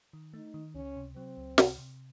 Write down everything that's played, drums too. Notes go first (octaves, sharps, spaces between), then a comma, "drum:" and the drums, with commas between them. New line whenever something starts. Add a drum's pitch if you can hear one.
D#3
A3 D#4
D#3
C#2 C#4
C3
F#3 C4
C#2
C3, drum: snare
C3